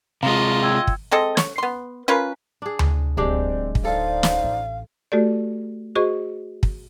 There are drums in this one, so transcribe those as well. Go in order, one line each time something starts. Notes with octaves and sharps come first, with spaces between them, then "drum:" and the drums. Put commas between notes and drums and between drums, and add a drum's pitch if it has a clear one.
C3 G#3 F4 D#5 F5 A#5
G5 E6 G#6
drum: kick
G#3 C4 A4 D#5
C#5, drum: snare
B3 C6
C#4 F4 A#4 B4
D4 G#4
drum: tom D2
D1 G#3 C4 D4 G4 D5
drum: kick
D#4 A4 C5 D5 F5
drum: snare
A1
A3 F#4 G4 A4 D5
F#4 G#4 C5 D#5 C#6
drum: kick